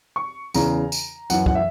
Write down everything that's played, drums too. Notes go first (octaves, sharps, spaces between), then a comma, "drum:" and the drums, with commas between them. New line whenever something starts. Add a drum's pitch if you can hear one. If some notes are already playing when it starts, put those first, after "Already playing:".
C#6
E2 C#3 E3 A#5, drum: tambourine
drum: tambourine
F#2 E3 F#5, drum: tambourine
F#5, drum: kick
E5